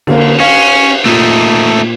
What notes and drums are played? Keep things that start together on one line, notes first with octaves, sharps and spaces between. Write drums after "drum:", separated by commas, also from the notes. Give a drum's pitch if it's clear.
D3 A#3, drum: cymbal
C#4 F5
A#2 A3 D#4